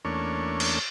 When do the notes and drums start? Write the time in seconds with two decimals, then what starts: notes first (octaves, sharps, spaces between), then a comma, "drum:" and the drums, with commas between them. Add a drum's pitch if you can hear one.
0.05 E2 A3 A#3 C#4 D4 C#5
0.60 drum: cymbal